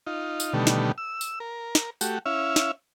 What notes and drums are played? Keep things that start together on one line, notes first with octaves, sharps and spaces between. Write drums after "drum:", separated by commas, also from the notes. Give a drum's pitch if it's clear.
D#4 F4
drum: tambourine
B2 D3 D#3 G3 A3
drum: snare
E6
drum: tambourine
A#4
drum: snare
A3 F#4 G4, drum: tambourine
C#4 E4 E5 F5
drum: snare